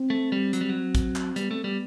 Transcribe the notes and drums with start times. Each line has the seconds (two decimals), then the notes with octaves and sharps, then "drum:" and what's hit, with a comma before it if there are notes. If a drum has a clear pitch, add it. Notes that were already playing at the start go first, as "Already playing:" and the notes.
Already playing: C4
0.10 A3
0.32 G3
0.53 F#3, drum: hi-hat
0.61 G3
0.69 F#3
0.95 drum: kick, hi-hat
1.16 drum: clap
1.36 G3 B3, drum: hi-hat
1.50 A3 C4
1.63 G3 B3